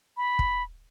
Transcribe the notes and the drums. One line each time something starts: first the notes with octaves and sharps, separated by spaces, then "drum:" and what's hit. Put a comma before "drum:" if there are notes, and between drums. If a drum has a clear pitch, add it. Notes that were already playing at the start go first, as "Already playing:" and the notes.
B5
drum: kick